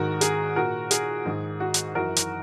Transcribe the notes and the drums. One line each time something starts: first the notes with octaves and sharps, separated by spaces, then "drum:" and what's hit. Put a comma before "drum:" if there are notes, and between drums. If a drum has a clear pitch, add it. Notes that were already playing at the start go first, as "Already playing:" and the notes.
Already playing: G#2 D#3 F#4 A#4
G#4, drum: hi-hat
A#2 F#4 A#4
G#4, drum: hi-hat
G#2 D#3
F#4
drum: hi-hat
F#2 E3 F#4 A#4
drum: hi-hat